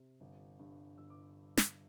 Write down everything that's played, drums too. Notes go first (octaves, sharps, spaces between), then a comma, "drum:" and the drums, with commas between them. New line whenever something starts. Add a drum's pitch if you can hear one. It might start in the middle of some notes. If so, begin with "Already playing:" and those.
Already playing: C3
G1
G2
G1 E6
D6
drum: snare